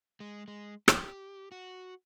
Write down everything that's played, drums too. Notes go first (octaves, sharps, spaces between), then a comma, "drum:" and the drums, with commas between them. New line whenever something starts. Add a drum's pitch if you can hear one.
G#3
G#3
G4, drum: rim click
F#4